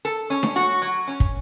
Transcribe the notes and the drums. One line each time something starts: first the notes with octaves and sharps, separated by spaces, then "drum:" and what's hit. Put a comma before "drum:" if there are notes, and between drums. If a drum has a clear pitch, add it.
A4
C#4
drum: snare D4
F#4
F#3
C#4
drum: kick